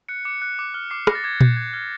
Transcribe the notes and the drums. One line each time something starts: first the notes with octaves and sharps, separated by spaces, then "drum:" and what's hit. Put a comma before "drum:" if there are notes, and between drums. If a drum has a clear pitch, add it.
F#6 C#7
D6 C#7
F#6
D6
F6
D6 C7
D6 A#6, drum: rim click
A6
D6 G#6
F6 G6, drum: tom A#2
D6 G#6
F6 G#6